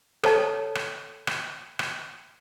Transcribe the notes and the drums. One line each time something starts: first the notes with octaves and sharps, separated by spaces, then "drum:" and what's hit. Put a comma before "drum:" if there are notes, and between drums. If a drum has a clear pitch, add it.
A4 C#5 A5, drum: rim click
drum: rim click
drum: rim click
drum: rim click